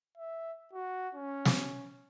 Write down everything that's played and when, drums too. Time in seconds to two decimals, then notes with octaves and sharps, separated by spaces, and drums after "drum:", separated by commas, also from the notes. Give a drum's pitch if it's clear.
0.17 E5
0.73 F#4
1.15 C#4
1.45 drum: snare